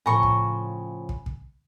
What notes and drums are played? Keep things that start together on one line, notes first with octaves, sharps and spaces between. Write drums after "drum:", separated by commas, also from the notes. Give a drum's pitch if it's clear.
A2 C#3 F3 G#5 A#5 B5 C#6
drum: kick
drum: kick
drum: kick